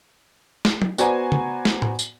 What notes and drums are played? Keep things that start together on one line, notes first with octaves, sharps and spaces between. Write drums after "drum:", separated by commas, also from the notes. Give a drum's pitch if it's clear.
drum: snare
drum: tom
B3 F#4 C5 D5 G#5 A#5, drum: tambourine
drum: tom
drum: snare
drum: tom A2
drum: tambourine